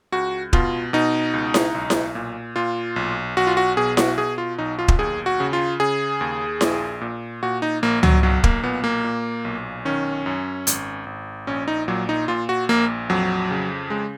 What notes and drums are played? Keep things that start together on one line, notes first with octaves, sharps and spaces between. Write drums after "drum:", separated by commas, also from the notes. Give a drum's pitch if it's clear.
C#2 F#4
B2 F4, drum: kick
B2 D#4
C#2
drum: snare E4
B1
drum: snare E4
A#2
A#2 F4
B1
B1 F#4
F4
F#4
B2 G#4
F#4, drum: snare E4
B2 G#4
F4
B1 D#4
F4
drum: kick
D#2 G#4
F#4
C#3
F4
C#3 G#4
D#2
A#1, drum: snare E4
A#2
A#2 F#4
D#4
A#1 A#3
F#3, drum: tom C#2
B1 F#3
A#3, drum: kick
A#2 B3
A#3
A#2
B1
D#3 C#4
F#2
G#1, drum: hi-hat
G#1
A#1 C#4
D#4
A#2 F#3
D#4
A#2 F4
F#4
A#1 A#3
F2 F#3
C#3
C#3 G#3